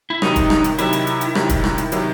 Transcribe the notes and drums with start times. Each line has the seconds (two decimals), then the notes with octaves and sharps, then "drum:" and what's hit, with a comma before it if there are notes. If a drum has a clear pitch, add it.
0.10 E4
0.22 C3 D#3 F#3 D#4, drum: rim click
0.36 drum: kick, hi-hat
0.50 drum: rim click
0.64 drum: hi-hat
0.78 C3 D#3 F#3 E4, drum: hi-hat
0.93 drum: hi-hat
1.07 drum: hi-hat
1.21 drum: hi-hat
1.35 C3 D#3 F#3, drum: rim click
1.49 drum: kick, hi-hat
1.64 drum: rim click
1.78 drum: hi-hat
1.92 C3 D#3 F#3, drum: hi-hat